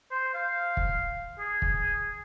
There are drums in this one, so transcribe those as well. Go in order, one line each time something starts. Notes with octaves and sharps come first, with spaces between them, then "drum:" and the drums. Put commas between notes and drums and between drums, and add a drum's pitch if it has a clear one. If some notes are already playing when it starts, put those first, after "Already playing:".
C5
F5
drum: kick
G#4
drum: kick